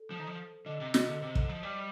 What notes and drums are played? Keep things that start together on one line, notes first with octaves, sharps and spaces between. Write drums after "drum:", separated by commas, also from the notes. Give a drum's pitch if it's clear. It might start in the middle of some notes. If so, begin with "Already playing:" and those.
Already playing: A4
F3 C5
D#3
F3
D3 D#5
C3
C3 D#5, drum: snare
D3
C3 C5
D3, drum: kick
F3
G3